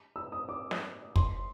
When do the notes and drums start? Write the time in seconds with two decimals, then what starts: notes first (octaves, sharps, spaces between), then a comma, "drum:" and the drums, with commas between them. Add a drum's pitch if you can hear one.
0.16 E6
0.32 D#6
0.49 D6
0.71 drum: snare
1.16 C6, drum: kick